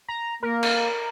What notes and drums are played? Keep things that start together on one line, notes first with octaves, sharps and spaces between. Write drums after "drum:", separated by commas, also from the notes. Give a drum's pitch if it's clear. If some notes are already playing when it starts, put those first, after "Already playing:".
A#5
A#3 A#4
drum: cymbal